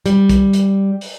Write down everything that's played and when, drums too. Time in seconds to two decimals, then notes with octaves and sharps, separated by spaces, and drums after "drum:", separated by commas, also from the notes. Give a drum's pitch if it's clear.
0.06 G3, drum: hi-hat
0.30 drum: kick, hi-hat
0.53 drum: hi-hat
1.01 drum: open hi-hat